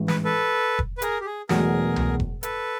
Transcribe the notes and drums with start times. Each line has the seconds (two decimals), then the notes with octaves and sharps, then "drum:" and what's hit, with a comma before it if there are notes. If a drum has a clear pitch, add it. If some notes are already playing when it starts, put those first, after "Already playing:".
Already playing: A1 G#2 E3
0.08 B4, drum: snare
0.24 A4 B4
0.79 drum: kick F1
0.98 B4
1.02 G#4 A#4, drum: hi-hat
1.20 G4
1.25 G#4
1.49 E1 E2 B2 F#3 A3 G#4 A#4, drum: snare
1.96 drum: tom C2
2.20 drum: kick F1
2.43 A4 B4, drum: hi-hat